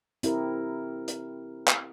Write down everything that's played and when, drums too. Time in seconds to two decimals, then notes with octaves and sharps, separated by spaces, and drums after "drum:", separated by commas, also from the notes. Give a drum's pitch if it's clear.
0.23 C4 E4 G4 A#4, drum: hi-hat
1.08 drum: hi-hat
1.68 drum: clap